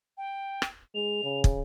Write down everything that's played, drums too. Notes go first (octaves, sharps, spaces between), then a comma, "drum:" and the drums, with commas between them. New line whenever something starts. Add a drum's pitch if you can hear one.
G5
drum: rim click
G#3 F7
C#3
drum: kick